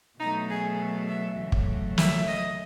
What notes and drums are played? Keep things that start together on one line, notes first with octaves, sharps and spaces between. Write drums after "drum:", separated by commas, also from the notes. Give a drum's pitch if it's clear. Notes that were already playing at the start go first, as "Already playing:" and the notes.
B2 F#3 A3 D#4
G#4
E5
E2 C#3 F#3 A3
drum: kick
E5, drum: snare
D#5